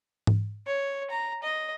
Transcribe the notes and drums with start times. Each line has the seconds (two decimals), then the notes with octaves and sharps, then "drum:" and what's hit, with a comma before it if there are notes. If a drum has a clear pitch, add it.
0.27 drum: tom G#2
0.67 C#5
1.10 A#5
1.42 D#5